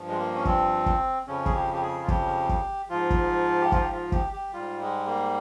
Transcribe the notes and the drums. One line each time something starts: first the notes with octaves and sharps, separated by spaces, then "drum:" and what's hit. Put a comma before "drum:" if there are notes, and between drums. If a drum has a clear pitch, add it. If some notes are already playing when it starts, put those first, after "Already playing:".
Already playing: G2 F3
G#3
A#3
C#4
C4, drum: kick
drum: kick
F2 C#3 F3 C#4
G#4, drum: kick
G4
G4
G#4
F4
G4, drum: kick
drum: kick
G#2 F3 F4
drum: kick
G4
F4, drum: kick
G4
F4
G4, drum: kick
G4
G#2 G3 F4
G#3
A#3